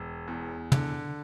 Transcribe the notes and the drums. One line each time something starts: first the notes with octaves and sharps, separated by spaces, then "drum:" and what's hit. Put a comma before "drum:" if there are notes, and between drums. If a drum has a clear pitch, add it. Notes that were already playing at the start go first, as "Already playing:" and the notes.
Already playing: E1
E2
D3, drum: tom